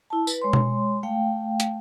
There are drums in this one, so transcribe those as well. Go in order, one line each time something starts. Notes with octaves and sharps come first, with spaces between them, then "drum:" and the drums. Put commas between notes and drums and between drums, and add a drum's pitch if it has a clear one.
E4 A5
B4, drum: tambourine
G#3 C#5 C6
drum: tom B2
A3 F5 G5
drum: hi-hat